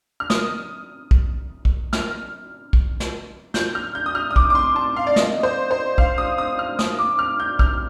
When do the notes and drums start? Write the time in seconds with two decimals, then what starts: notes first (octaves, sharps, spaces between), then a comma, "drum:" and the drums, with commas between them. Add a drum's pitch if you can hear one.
0.20 F6
0.30 D#6, drum: snare
1.11 drum: kick
1.65 drum: kick
1.93 F6, drum: snare
2.73 drum: kick
3.00 drum: snare
3.54 G6, drum: snare
3.75 F6
3.95 G6
4.06 D#6
4.15 F6
4.31 D#6
4.36 D6, drum: kick
4.50 D6
4.55 C6
4.76 A5
4.96 F5
5.07 D5
5.16 D#5, drum: snare
5.43 C5
5.71 C5
5.98 F5, drum: kick
6.18 D#6
6.38 D#6
6.59 F6
6.79 D#6, drum: snare
6.99 D6
7.19 F6
7.40 G6
7.59 F6, drum: kick